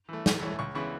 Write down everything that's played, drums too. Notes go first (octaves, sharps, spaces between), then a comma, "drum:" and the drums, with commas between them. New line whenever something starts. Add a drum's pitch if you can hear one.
E3 A3
E2, drum: snare
E3 A3 C#5
C#2 C#6
C#3 E3 B3 E4 C#6